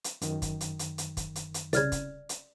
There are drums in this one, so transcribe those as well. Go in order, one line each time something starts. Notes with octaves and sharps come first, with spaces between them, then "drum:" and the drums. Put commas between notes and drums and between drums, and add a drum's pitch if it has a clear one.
drum: hi-hat
F#2 D#3, drum: hi-hat
drum: kick, hi-hat
drum: hi-hat
drum: hi-hat
drum: hi-hat
drum: kick, hi-hat
drum: hi-hat
drum: hi-hat
C2 C#3 D5 F6 G#6, drum: hi-hat
drum: kick, hi-hat
drum: hi-hat